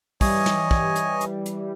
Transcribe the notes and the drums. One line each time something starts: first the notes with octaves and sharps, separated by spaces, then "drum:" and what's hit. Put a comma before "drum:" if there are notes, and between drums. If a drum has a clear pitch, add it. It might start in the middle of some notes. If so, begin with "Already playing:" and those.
E3 G3 C#5 D#5 G#5, drum: kick, open hi-hat
drum: snare
drum: kick
drum: hi-hat
drum: hi-hat
drum: hi-hat